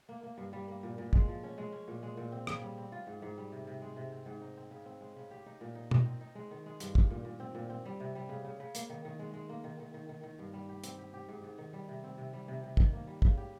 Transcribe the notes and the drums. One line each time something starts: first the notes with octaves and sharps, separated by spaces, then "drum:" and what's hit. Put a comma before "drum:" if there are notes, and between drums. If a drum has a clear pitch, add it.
A#3
A#3
G2
G3
A#3
A#2
A#2
G#3, drum: kick
F3
C#4
G#3
C#4
A#2
G#3
A#2
C4
C#3, drum: rim click
G3
C4
F4
G#2
G#2
G3
C3
C3
G#3
C3
C4
G#2
D#4
C4
C#3
C4
G#3
C#3
G4
D#4
A#2
D#4
D#4, drum: tom B2
C4
D#4
G#3
D#3
G#3
G2, drum: hi-hat
G2, drum: kick
A#2
A#2
C4
A#2
C4
G3
C3
G3
C#3
C#3
C#3
A#3, drum: hi-hat
D#3
D#3
G#3
G#3
A#3
D#3
D#3
D#3
D#3
D#3
G2
G3
G4
C4, drum: hi-hat
G4
G4
G#2
G#2
D#3
G3
C3
C4
C3
G3
C3
C3
D#3, drum: kick
A#3
G3
C#3, drum: kick
G4